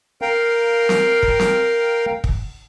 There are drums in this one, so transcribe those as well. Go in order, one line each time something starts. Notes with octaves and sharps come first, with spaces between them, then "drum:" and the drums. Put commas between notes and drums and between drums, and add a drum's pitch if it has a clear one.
A#4 F5 G5
drum: snare C4
drum: kick
drum: snare C4
drum: kick